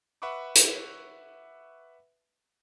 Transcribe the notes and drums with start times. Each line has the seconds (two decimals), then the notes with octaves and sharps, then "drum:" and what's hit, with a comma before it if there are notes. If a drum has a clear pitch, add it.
0.22 B4 E5 F#5 B5 C#6 D6
0.55 drum: hi-hat